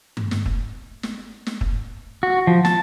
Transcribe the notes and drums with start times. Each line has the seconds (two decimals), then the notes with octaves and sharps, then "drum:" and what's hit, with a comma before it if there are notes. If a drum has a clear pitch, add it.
0.17 drum: tom G2
0.31 drum: snare
0.46 drum: kick
1.03 drum: snare
1.46 drum: snare
1.61 drum: kick
2.23 F#4
2.47 F3
2.65 A5, drum: snare